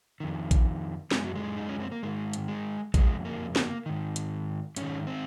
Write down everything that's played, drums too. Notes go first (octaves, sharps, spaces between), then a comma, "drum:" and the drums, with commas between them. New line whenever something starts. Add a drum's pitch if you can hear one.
F2 D#3
drum: kick A1, hi-hat
F#2 C#3 G#3, drum: snare
F#3
G#3
D#4
C#4
C4
A#3
G#2 D#3 G#3
drum: hi-hat
G#3
F2 C#3 G#3, drum: kick A1, hi-hat
A#3
A#3, drum: snare
G#2 D#3
drum: hi-hat
G#2 D#3 C#4, drum: hi-hat
C4